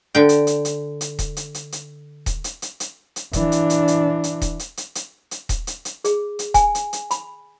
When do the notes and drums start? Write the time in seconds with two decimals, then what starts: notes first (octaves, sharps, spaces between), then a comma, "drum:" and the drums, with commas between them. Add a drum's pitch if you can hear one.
0.15 D3 G5
0.29 drum: hi-hat
0.47 drum: hi-hat
0.65 drum: hi-hat
1.01 drum: hi-hat
1.19 drum: kick D#1, hi-hat
1.37 drum: hi-hat
1.54 drum: hi-hat
1.72 drum: hi-hat
2.26 drum: kick D#1, hi-hat
2.44 drum: hi-hat
2.62 drum: hi-hat
2.80 drum: hi-hat
3.16 drum: hi-hat
3.33 E3 D4, drum: kick D#1, hi-hat
3.52 drum: hi-hat
3.70 drum: hi-hat
3.88 drum: hi-hat
4.24 drum: hi-hat
4.41 drum: kick D#1, hi-hat
4.59 drum: hi-hat
4.77 drum: hi-hat
4.95 drum: hi-hat
5.31 drum: hi-hat
5.49 drum: kick D#1, hi-hat
5.67 drum: hi-hat
5.85 drum: hi-hat
6.05 G#4, drum: hi-hat
6.39 drum: hi-hat
6.54 G#5, drum: kick D#1, hi-hat
6.75 drum: hi-hat
6.93 drum: hi-hat
7.11 B5, drum: hi-hat